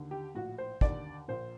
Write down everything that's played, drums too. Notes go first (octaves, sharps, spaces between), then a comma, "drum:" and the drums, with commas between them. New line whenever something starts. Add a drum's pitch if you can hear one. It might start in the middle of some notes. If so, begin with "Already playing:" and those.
Already playing: D#2 D3
G4
A#1 A2 F#4
C5
D#2 D3 D5, drum: kick
A#1 A#2 C5